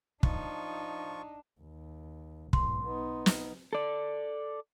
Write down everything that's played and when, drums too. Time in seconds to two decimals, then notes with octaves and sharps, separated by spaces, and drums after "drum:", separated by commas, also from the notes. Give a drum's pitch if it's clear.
0.23 F3 D4 D#4 F4 C#6, drum: kick
1.60 D#2
2.53 B1 G#2 C6, drum: kick
2.84 B3 D#4
3.26 drum: snare
3.73 A4 D5